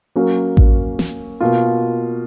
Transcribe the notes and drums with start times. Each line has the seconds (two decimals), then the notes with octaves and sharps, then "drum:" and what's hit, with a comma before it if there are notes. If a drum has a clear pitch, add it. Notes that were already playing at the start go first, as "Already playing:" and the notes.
0.16 F#3 A#3 C#4
0.57 drum: kick A1
0.99 drum: snare
1.40 B2 A#3 F4